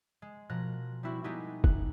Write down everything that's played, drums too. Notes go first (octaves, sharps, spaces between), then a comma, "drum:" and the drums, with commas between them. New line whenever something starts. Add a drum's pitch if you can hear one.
G#3
B2 F3 A#4 F#6
G3 C4 E4 F#4
G3 G#3 B3 D#4 E4 G4
F#6, drum: kick